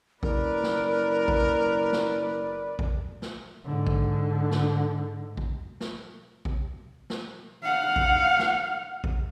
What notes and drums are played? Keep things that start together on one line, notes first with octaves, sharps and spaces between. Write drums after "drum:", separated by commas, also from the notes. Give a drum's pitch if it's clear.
F#1 A#4 B4 D5, drum: kick A1
drum: snare
drum: kick A1
drum: snare
drum: kick A1
drum: snare
G#2 D3
drum: kick A1
drum: snare
drum: kick A1
drum: snare
drum: kick A1
drum: snare
F5 F#5
drum: kick A1
drum: snare
drum: kick A1